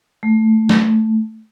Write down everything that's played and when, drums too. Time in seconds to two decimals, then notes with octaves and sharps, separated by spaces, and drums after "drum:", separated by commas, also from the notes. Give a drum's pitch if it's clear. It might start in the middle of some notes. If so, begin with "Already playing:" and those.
0.23 A3
0.69 drum: snare